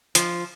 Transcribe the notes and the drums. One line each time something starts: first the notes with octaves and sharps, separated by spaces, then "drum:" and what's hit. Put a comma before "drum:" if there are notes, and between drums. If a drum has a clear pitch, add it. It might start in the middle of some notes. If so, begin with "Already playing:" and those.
F3, drum: hi-hat